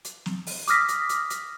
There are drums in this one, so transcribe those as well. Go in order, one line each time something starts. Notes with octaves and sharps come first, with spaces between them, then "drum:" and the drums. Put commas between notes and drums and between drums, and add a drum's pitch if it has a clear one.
drum: hi-hat
drum: snare
drum: open hi-hat
D6 D#6 F6 A#6 B6, drum: hi-hat
drum: hi-hat
drum: hi-hat
drum: hi-hat